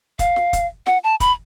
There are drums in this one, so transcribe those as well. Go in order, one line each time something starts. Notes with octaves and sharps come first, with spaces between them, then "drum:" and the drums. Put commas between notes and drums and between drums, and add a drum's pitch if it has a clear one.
F5, drum: kick, hi-hat
drum: snare
drum: kick, hi-hat
F#5, drum: snare
A5
B5, drum: kick, hi-hat